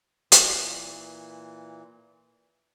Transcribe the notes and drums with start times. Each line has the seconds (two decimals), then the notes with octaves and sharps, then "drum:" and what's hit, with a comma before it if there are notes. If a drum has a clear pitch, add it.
0.32 A#2 E3, drum: hi-hat